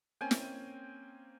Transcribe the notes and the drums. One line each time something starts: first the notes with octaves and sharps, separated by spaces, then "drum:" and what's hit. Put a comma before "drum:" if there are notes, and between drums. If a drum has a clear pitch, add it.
A#3 C4 C#4 G5 G#5
drum: snare